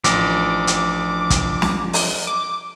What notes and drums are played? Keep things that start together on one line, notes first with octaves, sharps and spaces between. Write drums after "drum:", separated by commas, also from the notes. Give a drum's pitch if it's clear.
A1 F3 D4 A#4 D6, drum: hi-hat
drum: hi-hat
drum: kick, hi-hat
drum: snare
drum: open hi-hat
D6